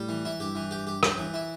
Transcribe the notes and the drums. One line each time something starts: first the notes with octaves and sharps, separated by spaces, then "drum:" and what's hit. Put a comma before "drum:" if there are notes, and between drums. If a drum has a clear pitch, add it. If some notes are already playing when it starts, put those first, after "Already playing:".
Already playing: A2 G3
E3
E4
G2 G4
E3
G4
G4
G4, drum: rim click
E3
E4